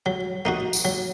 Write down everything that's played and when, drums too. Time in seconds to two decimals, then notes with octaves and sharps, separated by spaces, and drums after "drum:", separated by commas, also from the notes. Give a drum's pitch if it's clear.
0.06 F#3
0.45 A#3 D#4 F#4
0.73 drum: tambourine
0.85 F#3